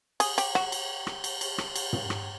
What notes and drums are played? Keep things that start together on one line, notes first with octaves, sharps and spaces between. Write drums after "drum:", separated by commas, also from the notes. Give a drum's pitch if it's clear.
G#4, drum: cymbal
G4, drum: cymbal
F#4, drum: rim click
drum: cymbal
drum: rim click
drum: cymbal
drum: cymbal
drum: rim click
drum: cymbal
drum: tom
drum: rim click